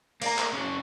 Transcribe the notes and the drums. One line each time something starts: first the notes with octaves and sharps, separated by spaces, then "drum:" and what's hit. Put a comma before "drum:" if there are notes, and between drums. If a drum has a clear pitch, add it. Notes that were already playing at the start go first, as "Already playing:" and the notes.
A#3 D5 A#5, drum: cymbal
drum: clap
C#3 F#4